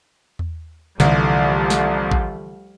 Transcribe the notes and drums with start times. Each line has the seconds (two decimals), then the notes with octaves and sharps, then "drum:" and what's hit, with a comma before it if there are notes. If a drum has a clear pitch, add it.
0.39 drum: tom E2
1.00 C2 D3 E3 F3 G3 A3, drum: snare
1.70 drum: snare
2.11 drum: kick